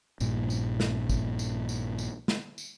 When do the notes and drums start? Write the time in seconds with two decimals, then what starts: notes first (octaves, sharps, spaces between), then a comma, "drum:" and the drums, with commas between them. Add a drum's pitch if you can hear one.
0.20 A#1 G2 A#2, drum: tambourine
0.50 drum: tambourine
0.80 drum: snare
1.09 drum: kick, tambourine
1.39 drum: tambourine
1.69 drum: tambourine
1.98 drum: tambourine
2.28 drum: snare
2.58 drum: tambourine